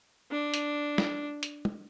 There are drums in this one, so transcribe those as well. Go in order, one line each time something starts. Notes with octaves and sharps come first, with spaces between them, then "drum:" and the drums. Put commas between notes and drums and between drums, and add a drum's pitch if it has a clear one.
D4
drum: hi-hat
drum: snare
drum: hi-hat
drum: tom